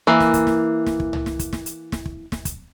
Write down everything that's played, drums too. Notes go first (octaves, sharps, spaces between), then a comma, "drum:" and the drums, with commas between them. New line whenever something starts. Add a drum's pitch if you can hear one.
E3 A#3
drum: snare
drum: kick, hi-hat
drum: snare
drum: snare
drum: kick
drum: tom
drum: snare
drum: kick, hi-hat
drum: snare
drum: hi-hat
drum: snare
drum: kick
drum: snare
drum: kick, hi-hat